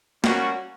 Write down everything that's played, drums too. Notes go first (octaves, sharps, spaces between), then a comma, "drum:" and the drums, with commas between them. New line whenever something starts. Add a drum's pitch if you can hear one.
G3 A#3 C#4 F#4, drum: snare